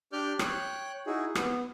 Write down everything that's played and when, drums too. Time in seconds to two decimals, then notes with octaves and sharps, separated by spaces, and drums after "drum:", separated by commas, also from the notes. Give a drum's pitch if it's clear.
0.13 D4 G4 D5 F6 G6
0.39 C#5 G5 F#6, drum: rim click
1.07 D#4 E4 F#4 G#4
1.35 B3, drum: rim click